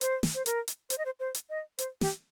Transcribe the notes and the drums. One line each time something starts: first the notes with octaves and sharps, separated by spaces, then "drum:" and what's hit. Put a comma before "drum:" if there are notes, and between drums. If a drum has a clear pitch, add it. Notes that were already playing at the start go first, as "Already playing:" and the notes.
C5, drum: hi-hat
drum: snare
C5
A#4, drum: hi-hat
drum: hi-hat
C5, drum: hi-hat
D#5
C5
C5
drum: hi-hat
D#5
C5, drum: hi-hat
G4, drum: snare